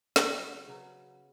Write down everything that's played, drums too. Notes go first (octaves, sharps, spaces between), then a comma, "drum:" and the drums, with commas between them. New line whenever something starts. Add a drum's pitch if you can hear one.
C#3 F#3 B3, drum: snare
C#3 F#3 B3